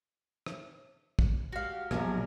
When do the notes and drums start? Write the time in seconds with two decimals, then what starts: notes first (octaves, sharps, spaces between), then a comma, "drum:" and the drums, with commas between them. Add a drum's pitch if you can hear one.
0.46 drum: rim click
1.19 drum: kick
1.52 G#3 F#4 G4 F5
1.91 A#1 B2 F#3 G3 A#4 G#5, drum: rim click